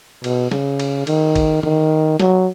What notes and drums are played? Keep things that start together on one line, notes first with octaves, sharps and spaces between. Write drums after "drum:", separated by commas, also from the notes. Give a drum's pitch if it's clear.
B2, drum: cymbal
C#3, drum: snare
drum: cymbal
D#3, drum: cymbal
drum: kick, cymbal
D#3, drum: tom
F#3, drum: snare